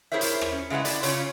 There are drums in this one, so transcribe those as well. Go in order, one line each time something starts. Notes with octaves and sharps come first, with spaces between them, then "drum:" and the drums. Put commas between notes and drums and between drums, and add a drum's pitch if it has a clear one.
E4 G#4 A#4 C5 C#5 E5
drum: hi-hat
drum: rim click
C#4
C#3 G#3 E4 B4 F#5
E4 D5, drum: hi-hat
C#3 C#4 F4 C#5, drum: hi-hat